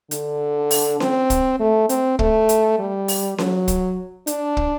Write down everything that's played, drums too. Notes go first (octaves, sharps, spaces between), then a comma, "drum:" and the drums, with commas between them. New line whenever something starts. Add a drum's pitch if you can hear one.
D3, drum: hi-hat
drum: open hi-hat
C4, drum: snare C#4
drum: kick, hi-hat
A3
C4, drum: hi-hat
A3, drum: kick
drum: hi-hat
G3
drum: open hi-hat
F#3, drum: snare C#4
drum: kick, hi-hat
D4, drum: hi-hat
drum: kick